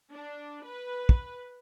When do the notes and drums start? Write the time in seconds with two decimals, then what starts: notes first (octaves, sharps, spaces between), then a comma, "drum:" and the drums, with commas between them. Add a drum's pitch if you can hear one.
0.12 D4
0.67 B4
1.09 drum: kick